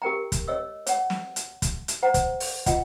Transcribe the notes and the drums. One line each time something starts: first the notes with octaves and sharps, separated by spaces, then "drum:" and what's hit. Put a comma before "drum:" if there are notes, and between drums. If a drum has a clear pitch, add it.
G4 A#4 G5 A#5
drum: kick, hi-hat
C#5 D#5 E6
C#5 F#5, drum: hi-hat
drum: snare
drum: hi-hat
drum: kick, hi-hat
drum: hi-hat
C5 F#5 A#5
drum: kick, hi-hat
drum: open hi-hat
F4 D#5 F#5, drum: kick, hi-hat